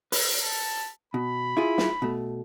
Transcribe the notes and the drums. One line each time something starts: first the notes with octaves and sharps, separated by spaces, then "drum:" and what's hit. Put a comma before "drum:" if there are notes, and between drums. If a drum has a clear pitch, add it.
B4, drum: open hi-hat
A5
B2 B5
E4 F4 G#4
drum: snare
B2 A3